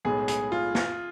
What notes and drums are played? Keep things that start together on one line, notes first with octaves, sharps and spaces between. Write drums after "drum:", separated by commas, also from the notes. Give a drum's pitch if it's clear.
B1 A2 G#3 B3 G#4
G#4, drum: hi-hat
F4
F4, drum: snare